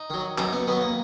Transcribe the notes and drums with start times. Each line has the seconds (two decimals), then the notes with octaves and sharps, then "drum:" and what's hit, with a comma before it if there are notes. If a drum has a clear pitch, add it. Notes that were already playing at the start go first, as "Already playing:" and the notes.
Already playing: D#4
0.10 D#3 F#3
0.38 F#2 D#4, drum: clap
0.53 B3
0.67 D#3 F#3 B3
0.81 A#3